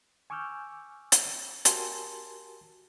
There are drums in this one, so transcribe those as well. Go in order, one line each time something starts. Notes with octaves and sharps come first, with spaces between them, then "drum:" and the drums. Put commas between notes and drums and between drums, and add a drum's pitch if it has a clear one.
G#5 C#6 D6 E6 F6 G6
drum: hi-hat
F#4 G4 A#4 G#5 A5 C6, drum: hi-hat